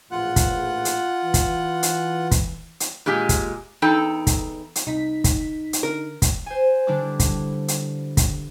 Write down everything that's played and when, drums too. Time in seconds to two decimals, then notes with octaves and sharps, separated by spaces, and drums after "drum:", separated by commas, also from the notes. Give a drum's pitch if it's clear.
0.11 A#1 E2 A2 F4 F#5 F#6
0.36 drum: kick, hi-hat
0.85 drum: hi-hat
1.22 E3
1.34 drum: kick, hi-hat
1.83 drum: hi-hat
2.31 drum: kick, hi-hat
2.80 drum: hi-hat
3.06 A#2 G#3 G4 G#5
3.29 drum: kick, hi-hat
3.82 E2 D#4 A4 G5
4.27 drum: kick, hi-hat
4.75 drum: hi-hat
4.87 C2 D#4 B6
5.24 drum: kick, hi-hat
5.73 drum: hi-hat
5.83 D3 A#4
6.22 drum: kick, hi-hat
6.46 C5 G#5
6.87 D3 G3 D4 E4 D6
7.20 drum: kick, hi-hat
7.68 drum: hi-hat
8.17 drum: kick, hi-hat